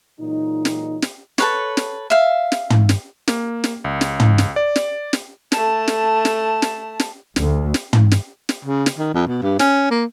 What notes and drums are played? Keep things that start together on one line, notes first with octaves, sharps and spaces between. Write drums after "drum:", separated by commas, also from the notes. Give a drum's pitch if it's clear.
A#2 E3 F#3 G#3 D#4
drum: snare
drum: snare
A4 B4 C#5, drum: snare
drum: snare
E5 F5
drum: snare
drum: tom
drum: snare
A#3, drum: snare
drum: snare
C#2
drum: snare
drum: tom
drum: snare
D5
drum: snare
drum: snare
A3 A5, drum: snare
drum: snare
drum: snare
drum: snare
drum: snare
D2, drum: snare
drum: snare
drum: tom
drum: snare
drum: snare
C#3
drum: snare
D#3
F2
B2
G2
C#4, drum: snare
A#3